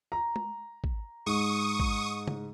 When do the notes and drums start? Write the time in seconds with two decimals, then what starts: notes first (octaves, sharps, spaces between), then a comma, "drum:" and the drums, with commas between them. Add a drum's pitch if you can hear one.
0.12 A#5
0.36 drum: tom G#3
0.84 drum: kick
1.26 G#2 C#6 D#6
1.80 drum: kick
2.28 drum: tom